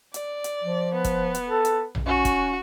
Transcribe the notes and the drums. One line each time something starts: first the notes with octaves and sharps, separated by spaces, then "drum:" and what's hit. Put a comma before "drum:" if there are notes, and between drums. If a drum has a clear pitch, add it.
D5, drum: hi-hat
drum: hi-hat
F3
B3
drum: kick F1, hi-hat
drum: hi-hat
A4
drum: hi-hat
drum: tom A#1
C#4 F#4
drum: kick F1, hi-hat